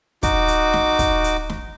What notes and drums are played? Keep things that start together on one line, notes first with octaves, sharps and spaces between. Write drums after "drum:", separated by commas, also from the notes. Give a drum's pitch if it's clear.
D#4 F#4 D6, drum: kick, hi-hat
drum: hi-hat
drum: snare
drum: kick, hi-hat
drum: hi-hat
drum: snare